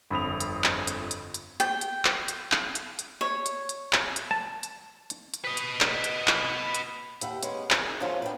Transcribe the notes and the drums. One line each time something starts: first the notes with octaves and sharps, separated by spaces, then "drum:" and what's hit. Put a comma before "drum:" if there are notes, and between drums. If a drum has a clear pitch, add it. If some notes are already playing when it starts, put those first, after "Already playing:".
G1 F2 B5 D#6 F7
drum: hi-hat
drum: clap
drum: hi-hat
drum: hi-hat
drum: hi-hat
G5, drum: hi-hat
drum: hi-hat
drum: clap
drum: hi-hat
drum: clap
drum: hi-hat
drum: hi-hat
C#5
drum: hi-hat
drum: hi-hat
drum: clap
drum: hi-hat
A5
drum: hi-hat
drum: hi-hat
drum: hi-hat
B4 D#5
drum: hi-hat
drum: clap
drum: hi-hat
drum: clap
drum: hi-hat
D#2 E4 F#5 G5, drum: hi-hat
G#3 B3 C#4, drum: hi-hat
D#3 G#4, drum: clap
F#2 F3 F#3 A3 C#4 F4
B3 D4 G5